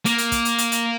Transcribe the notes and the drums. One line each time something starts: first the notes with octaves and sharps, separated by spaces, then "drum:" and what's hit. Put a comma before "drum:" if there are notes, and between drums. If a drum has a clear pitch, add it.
A#3, drum: hi-hat
drum: hi-hat
drum: kick, hi-hat
drum: hi-hat
drum: hi-hat
drum: hi-hat